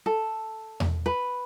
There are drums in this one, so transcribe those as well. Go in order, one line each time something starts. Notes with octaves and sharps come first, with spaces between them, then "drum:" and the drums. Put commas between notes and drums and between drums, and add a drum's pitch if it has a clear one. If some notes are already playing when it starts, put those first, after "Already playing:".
A4
drum: tom E2
B4